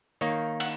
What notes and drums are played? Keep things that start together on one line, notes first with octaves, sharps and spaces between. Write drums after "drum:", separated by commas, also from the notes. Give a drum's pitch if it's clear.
D#3 A#3 D#4 C#5
F#5, drum: cymbal